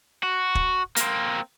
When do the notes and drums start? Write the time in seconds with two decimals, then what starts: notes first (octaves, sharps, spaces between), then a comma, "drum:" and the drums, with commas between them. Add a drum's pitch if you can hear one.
0.23 F#4
0.55 drum: kick
0.96 A#3 C4, drum: hi-hat